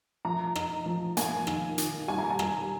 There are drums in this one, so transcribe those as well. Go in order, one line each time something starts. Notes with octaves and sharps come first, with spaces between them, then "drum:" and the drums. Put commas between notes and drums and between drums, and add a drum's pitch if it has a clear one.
F3 A#5
D#4, drum: rim click
F3
A#3 G#5, drum: hi-hat
D#3, drum: rim click
D#3, drum: hi-hat
G3 G#5
A#5
G#5
G3, drum: rim click